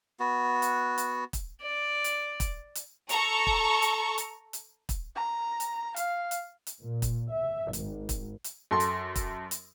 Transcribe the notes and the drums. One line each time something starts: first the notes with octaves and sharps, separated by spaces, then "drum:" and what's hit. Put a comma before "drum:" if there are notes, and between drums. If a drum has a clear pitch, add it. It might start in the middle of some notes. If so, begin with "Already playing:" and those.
B3 F#4
drum: hi-hat
drum: hi-hat
drum: kick, hi-hat
D5
drum: hi-hat
drum: kick, hi-hat
drum: hi-hat
A4 A#5 C#6, drum: hi-hat
drum: kick
drum: hi-hat
drum: hi-hat
drum: hi-hat
drum: kick, hi-hat
A#5
drum: hi-hat
F5, drum: hi-hat
drum: hi-hat
drum: hi-hat
A#2
drum: kick, hi-hat
E5
G#1, drum: hi-hat
drum: kick, hi-hat
drum: hi-hat
F#2 A4 C6
drum: hi-hat
drum: kick, hi-hat
drum: hi-hat